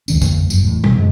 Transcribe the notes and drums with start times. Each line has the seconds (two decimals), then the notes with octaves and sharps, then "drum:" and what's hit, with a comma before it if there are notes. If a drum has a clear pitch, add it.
0.08 C#2 D#3 C#4, drum: tambourine
0.22 F2 D3 F3 A#3, drum: kick, tambourine
0.50 G1 F#2, drum: tambourine
0.63 E2 A2
0.84 E1 B2 F#3, drum: tom
0.98 F#2 D3 F3 G#3